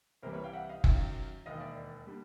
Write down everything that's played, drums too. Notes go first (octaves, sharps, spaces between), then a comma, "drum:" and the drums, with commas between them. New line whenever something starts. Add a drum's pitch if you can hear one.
C2 C3 E3 G3 A#4 C5
B4 C#5
F5 G5
E5 F#5
D#5 F5
F#2 D#3 F#3 F5 G5, drum: kick F#1
E1 D#2 D#3 D#5 F5
D5 E5
D3 G3